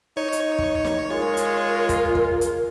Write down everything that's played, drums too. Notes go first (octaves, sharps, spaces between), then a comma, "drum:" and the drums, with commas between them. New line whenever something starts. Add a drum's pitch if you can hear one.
D#4 C#5
drum: hi-hat
drum: kick
drum: snare
G#3 F4 A#4
drum: hi-hat
drum: kick, hi-hat
drum: kick
drum: hi-hat